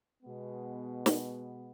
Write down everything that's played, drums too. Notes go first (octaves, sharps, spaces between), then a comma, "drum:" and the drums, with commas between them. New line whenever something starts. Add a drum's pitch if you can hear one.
B2 G#3 B3
drum: snare